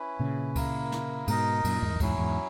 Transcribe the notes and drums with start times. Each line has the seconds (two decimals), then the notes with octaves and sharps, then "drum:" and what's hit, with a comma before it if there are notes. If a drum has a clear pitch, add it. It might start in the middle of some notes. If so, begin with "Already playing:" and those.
Already playing: C#4 E4 B4
0.19 A#2 C#3
0.56 A#3 E4 A#4, drum: kick C#2, cymbal
0.92 drum: snare
1.28 G#2 B2 D#4 A#4 D#5, drum: cymbal
1.64 F#2 A#2, drum: cymbal
1.82 E2 G#2
1.96 F#2
2.00 E2 G#2 F#3 C#4 E4, drum: kick C#2, cymbal
2.18 E2 G#2